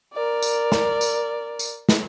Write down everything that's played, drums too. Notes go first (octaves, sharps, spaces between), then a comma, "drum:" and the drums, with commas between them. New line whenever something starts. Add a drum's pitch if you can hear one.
A#4 D5
drum: tambourine
drum: snare
drum: tambourine
drum: tambourine
drum: snare